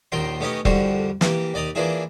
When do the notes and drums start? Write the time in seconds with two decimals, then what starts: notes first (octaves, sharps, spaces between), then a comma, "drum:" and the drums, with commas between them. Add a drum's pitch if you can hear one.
0.12 A#1 D#2 D#3 A#4 G5 C6
0.40 A3 B3 C#4 D#4 G4 D#5
0.65 C2 F2 D3 G3 F#4 C5, drum: kick E1
1.21 E3 A#3 G4, drum: snare
1.54 D#2 D5 D#5 A#5 D#6
1.75 E3 F3 A#3 D4 E4 G#4